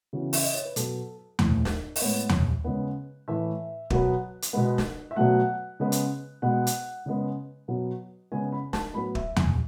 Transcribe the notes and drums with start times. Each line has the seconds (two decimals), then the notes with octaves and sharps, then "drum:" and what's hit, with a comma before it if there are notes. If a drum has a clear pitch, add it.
0.13 C#3 E3 B3 F#4
0.33 E5, drum: open hi-hat
0.43 D#5
0.54 C#5
0.65 B4
0.76 B2 F#3 B3 A4, drum: hi-hat
1.39 A2 E3 A3, drum: tom D#2
1.65 drum: snare
1.96 D#5, drum: open hi-hat
2.01 A2 G#3 B3 C#5
2.29 drum: tom D#2
2.64 C#3 G#3 B3
3.28 A2 E3 A3 E5
3.90 B2 F#3 B3, drum: kick
4.42 drum: hi-hat
4.53 B2 G#3 B3
4.78 drum: snare
5.11 E5
5.16 B2 F#3 A3 F#5
5.80 C#3 G#3 B3
5.92 drum: hi-hat
6.42 B2 G#3 B3 F#5
6.67 drum: hi-hat
7.06 C#3 G#3 B3
7.68 B2 F#3 B3
8.32 C#3 G#3 B3 G#5
8.52 B5
8.73 A5, drum: snare
8.94 A2 F#3 B3 B5
9.15 E5, drum: kick
9.36 G#5, drum: tom D#2